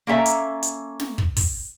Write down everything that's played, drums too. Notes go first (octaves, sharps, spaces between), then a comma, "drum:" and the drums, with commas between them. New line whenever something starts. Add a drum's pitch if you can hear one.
A#3 C#4 A4 E5 A#5
drum: hi-hat
drum: hi-hat
drum: snare
drum: kick
drum: kick, open hi-hat